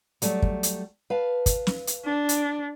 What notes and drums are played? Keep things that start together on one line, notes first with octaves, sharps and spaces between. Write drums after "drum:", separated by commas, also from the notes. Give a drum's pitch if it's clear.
F#3 G3 A3, drum: hi-hat
drum: kick
drum: hi-hat
B4 F5 A5
drum: kick, hi-hat
drum: snare
drum: hi-hat
D4
drum: hi-hat